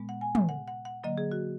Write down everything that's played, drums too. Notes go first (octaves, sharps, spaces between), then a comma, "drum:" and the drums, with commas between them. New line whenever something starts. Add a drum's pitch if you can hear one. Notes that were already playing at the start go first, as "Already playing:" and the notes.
Already playing: A#2 G#3 B3
F#5
G#5
drum: tom
F#5
F#5
F#5
D3 F#3 A#3 D#5
G#4
F#4